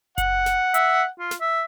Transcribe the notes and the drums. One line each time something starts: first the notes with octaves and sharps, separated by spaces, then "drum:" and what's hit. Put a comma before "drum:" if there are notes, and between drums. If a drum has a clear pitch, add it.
F#5, drum: kick F#1, hi-hat
drum: snare
E5, drum: hi-hat
F4
drum: snare
E5